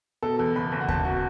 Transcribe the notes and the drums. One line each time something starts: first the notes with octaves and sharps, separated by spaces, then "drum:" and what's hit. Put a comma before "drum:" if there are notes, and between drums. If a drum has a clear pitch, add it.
B2 A4
E2 A4
F#1 B5
F#1
F#5
F#1 A5, drum: kick D#2
F#4